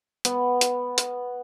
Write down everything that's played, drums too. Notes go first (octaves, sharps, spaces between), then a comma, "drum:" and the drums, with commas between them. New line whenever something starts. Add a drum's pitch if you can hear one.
B3, drum: hi-hat
drum: hi-hat
drum: hi-hat